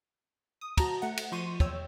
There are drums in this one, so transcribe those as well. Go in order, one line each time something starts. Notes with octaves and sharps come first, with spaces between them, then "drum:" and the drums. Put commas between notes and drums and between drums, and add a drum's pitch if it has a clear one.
D#6
F#4 A5 A#5, drum: kick, cymbal
A3 F#5
drum: cymbal
F3 C6 C#6 D#7
E2 C#5 G5 E6, drum: kick